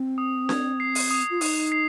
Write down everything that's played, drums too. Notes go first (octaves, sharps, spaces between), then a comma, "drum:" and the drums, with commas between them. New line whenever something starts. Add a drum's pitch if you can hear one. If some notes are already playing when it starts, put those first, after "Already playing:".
Already playing: C4
D#6
G#6, drum: snare D4
C7
drum: open hi-hat
D#6
F4
D#4 D#6, drum: open hi-hat
C7